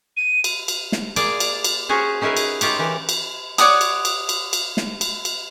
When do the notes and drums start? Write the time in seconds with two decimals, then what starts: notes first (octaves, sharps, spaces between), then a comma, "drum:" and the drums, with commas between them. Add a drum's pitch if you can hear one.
0.17 D#7
0.44 drum: cymbal
0.68 drum: cymbal
0.92 drum: snare
1.16 A#3 G#4 D5, drum: cymbal
1.40 drum: cymbal
1.64 drum: cymbal
1.89 C#4 F#4 G#4 C5
2.21 C#4 D#4 E4 G#4 A#4 B4
2.37 drum: cymbal
2.61 D#4 F4 G4 C#5, drum: cymbal
2.79 E3 G4 A#4
3.09 drum: cymbal
3.58 C#5 D5 F#5 D#6, drum: cymbal
3.81 drum: cymbal
4.05 drum: cymbal
4.29 drum: cymbal
4.53 drum: cymbal
4.77 drum: snare
5.01 drum: cymbal
5.25 drum: cymbal